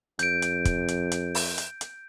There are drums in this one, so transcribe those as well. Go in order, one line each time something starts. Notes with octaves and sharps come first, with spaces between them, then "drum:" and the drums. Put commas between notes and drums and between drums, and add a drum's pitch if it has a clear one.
F2 G6 D7, drum: hi-hat
drum: hi-hat
drum: kick, hi-hat
drum: hi-hat
drum: hi-hat
drum: open hi-hat
drum: hi-hat
drum: hi-hat